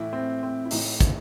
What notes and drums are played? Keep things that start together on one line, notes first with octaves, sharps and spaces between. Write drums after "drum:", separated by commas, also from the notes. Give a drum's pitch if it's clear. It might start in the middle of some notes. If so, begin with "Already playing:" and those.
Already playing: A2 E3 E4
C4
C4
E4
A2 E3 D#4, drum: open hi-hat
drum: kick, hi-hat